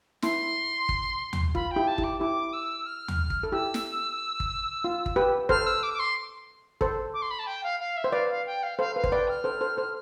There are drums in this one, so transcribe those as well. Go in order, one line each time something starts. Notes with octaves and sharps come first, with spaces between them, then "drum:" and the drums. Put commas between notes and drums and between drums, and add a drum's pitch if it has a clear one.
E4 C6, drum: snare
drum: kick
drum: tom
F4 B5, drum: kick
G5
E4 G4
A5
E4 G4, drum: kick
D6
E4 G4 D6
E6
F6
drum: tom
drum: kick
A4
E4 G4 E6
drum: snare
drum: kick
F4
drum: kick
G4 B4
A4 C5 F6, drum: kick
E6
D6
D6
C6
A4 C5, drum: kick
D6
C6
B5
A5
G5
F5
F5
E5
C5
B4 D5 F5
F5
G5
F5
A4 C5 F5
B4 F5
C5, drum: kick
B4 D5 G5
F6
A4 C5
A4 C5
A4 C5